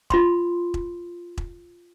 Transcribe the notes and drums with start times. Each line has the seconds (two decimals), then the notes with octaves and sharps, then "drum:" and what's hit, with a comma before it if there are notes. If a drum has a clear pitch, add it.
0.10 F4 B5 C6, drum: kick E1
0.74 drum: kick E1
1.38 drum: kick E1